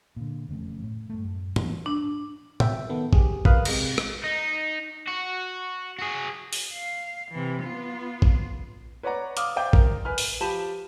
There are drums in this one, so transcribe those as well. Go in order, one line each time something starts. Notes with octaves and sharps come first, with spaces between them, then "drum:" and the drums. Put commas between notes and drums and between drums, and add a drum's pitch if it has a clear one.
A#2 D3
E1 F2 C#3 A3
A2
G2 A3
F#2
E2 G#2 C#3 B3, drum: tom G#2
D4
E5 G5, drum: tom A2
D#3 B3 A4
G4 G#4, drum: kick A#1
A#4 B4 F5 B5 D#6 F#6, drum: kick A#1
C3 G#3 A#6, drum: cymbal
drum: rim click
D#4
F#4
F#4 G#4
drum: open hi-hat
F5
C3 E3
B3 F4
drum: kick A#1
B4 C#5 D5 F#5 A#5
F5 D6 D#6 F6, drum: hi-hat
C5 D5 E5 F5 G5 D6
A#4, drum: kick A#1
B4 G#5 B5 F6
drum: open hi-hat
F3 G4 A5 B5 D#7 E7